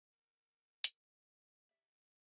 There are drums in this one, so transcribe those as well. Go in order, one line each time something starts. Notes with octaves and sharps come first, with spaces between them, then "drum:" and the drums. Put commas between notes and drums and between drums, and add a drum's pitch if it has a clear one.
A#4
drum: hi-hat
G4 D5 E5